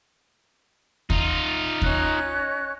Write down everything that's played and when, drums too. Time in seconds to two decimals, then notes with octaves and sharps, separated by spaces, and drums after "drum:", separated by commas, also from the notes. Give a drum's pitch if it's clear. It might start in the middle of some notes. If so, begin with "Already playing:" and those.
1.10 D#4 F4, drum: kick D#2
1.82 C#4 D#5 F#6, drum: kick D#2